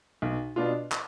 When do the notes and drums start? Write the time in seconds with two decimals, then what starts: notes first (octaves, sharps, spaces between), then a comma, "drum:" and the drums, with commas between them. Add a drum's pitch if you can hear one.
0.22 B1
0.56 B2 B3 D4 F4
0.92 drum: clap